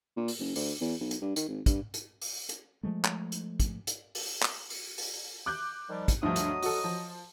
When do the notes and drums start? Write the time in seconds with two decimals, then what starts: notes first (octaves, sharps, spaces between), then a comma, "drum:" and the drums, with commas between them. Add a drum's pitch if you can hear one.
0.17 A#2
0.28 drum: open hi-hat
0.40 F#1
0.56 D2, drum: open hi-hat
0.81 E2
1.00 B1
1.11 drum: hi-hat
1.22 G2
1.36 D#3, drum: hi-hat
1.48 G#1
1.66 G2, drum: kick, hi-hat
1.94 drum: hi-hat
2.21 drum: open hi-hat
2.49 drum: hi-hat
2.83 F3 G#3 A3
3.04 drum: clap
3.32 drum: hi-hat
3.60 drum: kick, hi-hat
3.87 drum: hi-hat
4.15 drum: open hi-hat
4.42 drum: clap
4.70 drum: open hi-hat
4.98 drum: open hi-hat
5.46 D6 F#6 G6
5.89 D#3 F3 G3
6.08 drum: kick, hi-hat
6.23 D2 G2 F3 F#3 D#5 D#6
6.36 drum: hi-hat
6.62 F#4 A4, drum: open hi-hat
6.84 F3